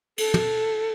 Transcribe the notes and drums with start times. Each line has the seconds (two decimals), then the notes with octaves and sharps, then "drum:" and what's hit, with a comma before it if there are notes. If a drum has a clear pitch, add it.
0.18 A4, drum: cymbal
0.34 drum: tom